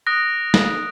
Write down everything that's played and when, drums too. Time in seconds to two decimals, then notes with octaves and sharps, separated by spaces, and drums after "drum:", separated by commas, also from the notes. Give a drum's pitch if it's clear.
0.06 D#6 F#6 A#6 D7
0.54 drum: snare